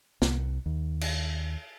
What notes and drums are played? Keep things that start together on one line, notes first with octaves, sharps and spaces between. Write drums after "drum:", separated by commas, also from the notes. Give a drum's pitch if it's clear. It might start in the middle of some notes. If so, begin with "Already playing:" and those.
C2, drum: snare
D#2
drum: cymbal